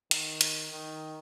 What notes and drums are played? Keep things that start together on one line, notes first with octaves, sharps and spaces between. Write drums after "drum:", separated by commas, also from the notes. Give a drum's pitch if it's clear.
D#3, drum: hi-hat
drum: hi-hat
D#3